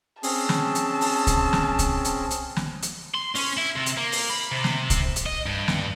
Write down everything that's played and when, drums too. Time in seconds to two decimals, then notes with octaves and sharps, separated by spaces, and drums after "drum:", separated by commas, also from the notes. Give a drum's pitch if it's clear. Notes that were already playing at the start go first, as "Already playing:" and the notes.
0.23 C4 C#4 G#4 A5, drum: open hi-hat
0.49 drum: snare
0.75 drum: hi-hat
1.01 drum: open hi-hat
1.27 drum: kick C2, hi-hat
1.53 drum: snare
1.79 drum: kick C2, hi-hat
2.05 drum: hi-hat
2.31 drum: hi-hat
2.56 drum: snare
2.82 drum: hi-hat
3.14 C6
3.35 C#4, drum: open hi-hat
3.57 E4
3.76 C3
3.86 drum: hi-hat
3.97 A#3
4.12 drum: open hi-hat
4.30 B5
4.51 C3
4.64 drum: snare
4.90 drum: kick C2, hi-hat
5.16 drum: hi-hat
5.26 D#5
5.46 G2
5.68 drum: snare